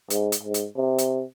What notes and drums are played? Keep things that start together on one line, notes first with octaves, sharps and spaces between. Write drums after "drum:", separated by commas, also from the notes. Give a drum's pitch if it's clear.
G#2, drum: hi-hat
drum: hi-hat
G#2
drum: hi-hat
C3
drum: hi-hat